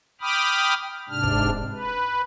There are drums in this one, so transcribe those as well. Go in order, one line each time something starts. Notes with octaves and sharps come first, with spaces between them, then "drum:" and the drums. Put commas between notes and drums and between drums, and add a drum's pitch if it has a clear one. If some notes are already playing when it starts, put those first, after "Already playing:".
G5 B5 D6 D#6 F6
G#2 C3 D4 F6
drum: kick
B4